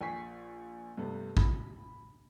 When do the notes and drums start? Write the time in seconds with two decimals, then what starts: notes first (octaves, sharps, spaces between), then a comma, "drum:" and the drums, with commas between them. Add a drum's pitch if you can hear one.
0.01 A#1 G#5 C#6 B6 C7
0.97 G2 C3 A3 B3
1.37 B5, drum: kick